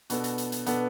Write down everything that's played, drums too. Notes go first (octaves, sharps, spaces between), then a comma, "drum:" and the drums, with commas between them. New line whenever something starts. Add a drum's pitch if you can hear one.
B2 B3 D4 A4, drum: hi-hat
drum: hi-hat
drum: hi-hat
drum: hi-hat
B2 B3 D4 A4, drum: hi-hat